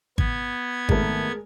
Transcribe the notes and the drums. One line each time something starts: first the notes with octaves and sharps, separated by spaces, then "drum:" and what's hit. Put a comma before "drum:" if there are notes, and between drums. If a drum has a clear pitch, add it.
B3 G#6, drum: kick G#1
G#1 G#3 A3 A#4 B4, drum: kick G#1